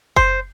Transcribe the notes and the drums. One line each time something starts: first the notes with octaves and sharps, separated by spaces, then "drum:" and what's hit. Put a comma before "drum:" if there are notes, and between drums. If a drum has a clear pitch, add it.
C5, drum: kick F#1